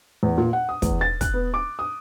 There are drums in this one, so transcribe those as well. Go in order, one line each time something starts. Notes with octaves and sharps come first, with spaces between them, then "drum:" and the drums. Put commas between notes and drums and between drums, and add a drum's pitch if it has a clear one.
E2
A#2
F#5
D#6
E2, drum: kick, hi-hat
A6
F#6, drum: kick, hi-hat
B3
D6
D#6